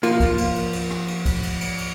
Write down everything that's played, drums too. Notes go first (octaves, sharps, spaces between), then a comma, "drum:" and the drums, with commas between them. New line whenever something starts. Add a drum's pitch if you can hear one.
F3 A#3 F4, drum: cymbal
drum: kick, cymbal
drum: cymbal
drum: cymbal
drum: cymbal
drum: rim click
drum: cymbal
drum: kick, cymbal
drum: cymbal
drum: cymbal
drum: cymbal